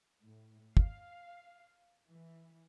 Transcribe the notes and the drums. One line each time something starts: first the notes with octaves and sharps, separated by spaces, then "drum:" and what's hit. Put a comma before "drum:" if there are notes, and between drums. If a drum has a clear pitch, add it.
A2
F5, drum: kick
E3